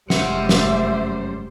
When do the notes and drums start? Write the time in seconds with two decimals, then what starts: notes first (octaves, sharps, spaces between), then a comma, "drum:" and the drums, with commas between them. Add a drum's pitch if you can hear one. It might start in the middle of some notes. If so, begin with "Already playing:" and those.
0.10 F1 F#2 G3 G#3 C5 E5 F#5, drum: snare
0.49 drum: snare